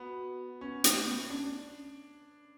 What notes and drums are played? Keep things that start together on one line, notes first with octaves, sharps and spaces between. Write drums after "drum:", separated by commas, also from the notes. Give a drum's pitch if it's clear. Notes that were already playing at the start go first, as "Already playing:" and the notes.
Already playing: B3 F#4
B3 C#4
A3, drum: hi-hat
B3
C#4 D4